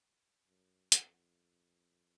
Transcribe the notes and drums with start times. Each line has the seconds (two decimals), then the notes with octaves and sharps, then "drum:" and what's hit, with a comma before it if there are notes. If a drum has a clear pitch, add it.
0.47 F#2
0.92 F2, drum: hi-hat